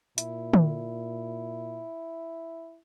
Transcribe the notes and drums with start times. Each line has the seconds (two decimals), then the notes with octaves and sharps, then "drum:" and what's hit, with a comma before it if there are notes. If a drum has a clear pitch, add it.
0.18 A#2 E4, drum: hi-hat
0.53 drum: tom